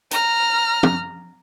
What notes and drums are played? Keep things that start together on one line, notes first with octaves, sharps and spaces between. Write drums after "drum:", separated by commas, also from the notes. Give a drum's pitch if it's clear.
A#5 F6, drum: hi-hat
drum: tom